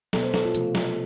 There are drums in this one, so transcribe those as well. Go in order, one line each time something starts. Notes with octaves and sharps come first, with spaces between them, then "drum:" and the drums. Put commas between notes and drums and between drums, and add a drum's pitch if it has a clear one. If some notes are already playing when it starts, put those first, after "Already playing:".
B2 B3 A4, drum: snare
C5
A4, drum: snare
F4
C3 F3 A3 F4, drum: hi-hat
drum: snare